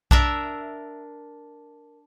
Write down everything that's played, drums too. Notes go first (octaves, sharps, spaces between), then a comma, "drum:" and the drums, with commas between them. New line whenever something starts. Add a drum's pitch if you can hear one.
D4 A#4 E5, drum: kick B1